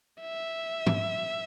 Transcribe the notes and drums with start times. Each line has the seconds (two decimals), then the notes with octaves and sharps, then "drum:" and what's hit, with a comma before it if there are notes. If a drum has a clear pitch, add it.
0.22 E5
0.86 drum: tom G#2